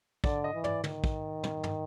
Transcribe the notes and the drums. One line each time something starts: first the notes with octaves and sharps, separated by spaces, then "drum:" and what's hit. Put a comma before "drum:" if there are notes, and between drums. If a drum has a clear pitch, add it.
D3 D5, drum: kick
D#5
E3
D5, drum: tom
D#3, drum: tom
drum: kick
drum: tom
drum: tom